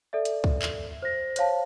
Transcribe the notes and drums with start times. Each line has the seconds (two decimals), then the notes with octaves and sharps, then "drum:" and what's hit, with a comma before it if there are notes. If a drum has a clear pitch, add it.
0.13 A4 D5 E5
0.25 drum: hi-hat
0.44 drum: kick
0.62 drum: clap
1.02 C5 A#6
1.36 C5 C#5 F5 A5, drum: hi-hat